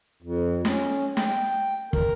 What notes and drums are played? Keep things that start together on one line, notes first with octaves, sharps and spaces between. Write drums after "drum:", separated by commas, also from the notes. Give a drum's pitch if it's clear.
F2
C#4, drum: snare
G5, drum: snare
A#4, drum: kick